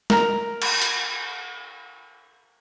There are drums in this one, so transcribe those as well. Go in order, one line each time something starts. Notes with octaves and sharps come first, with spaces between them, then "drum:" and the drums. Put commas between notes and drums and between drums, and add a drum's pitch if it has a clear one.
A#4 A#5, drum: snare
drum: cymbal
drum: hi-hat